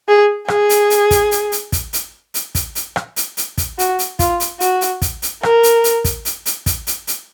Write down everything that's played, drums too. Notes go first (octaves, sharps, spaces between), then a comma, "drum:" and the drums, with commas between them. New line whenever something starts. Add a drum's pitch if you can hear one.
G#4
G#4, drum: rim click
drum: hi-hat
drum: hi-hat
drum: kick, hi-hat
drum: hi-hat
drum: hi-hat
drum: kick, hi-hat
drum: hi-hat
drum: hi-hat
drum: kick, hi-hat
drum: hi-hat
drum: rim click
drum: hi-hat
drum: hi-hat
drum: kick, hi-hat
F#4, drum: hi-hat
drum: hi-hat
F4, drum: kick, hi-hat
drum: hi-hat
F#4, drum: hi-hat
drum: hi-hat
drum: kick, hi-hat
drum: hi-hat
A#4, drum: rim click
drum: hi-hat
drum: hi-hat
drum: kick, hi-hat
drum: hi-hat
drum: hi-hat
drum: kick, hi-hat
drum: hi-hat
drum: hi-hat